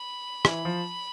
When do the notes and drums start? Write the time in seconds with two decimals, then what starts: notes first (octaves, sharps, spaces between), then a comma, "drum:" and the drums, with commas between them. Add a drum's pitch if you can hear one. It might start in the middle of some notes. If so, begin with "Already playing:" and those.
Already playing: B5
0.45 E3, drum: rim click
0.65 F3